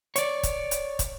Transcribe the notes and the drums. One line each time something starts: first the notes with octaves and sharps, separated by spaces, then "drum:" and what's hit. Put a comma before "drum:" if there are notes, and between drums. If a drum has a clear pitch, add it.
C#5 D5, drum: hi-hat
drum: kick, hi-hat
drum: hi-hat
drum: kick, hi-hat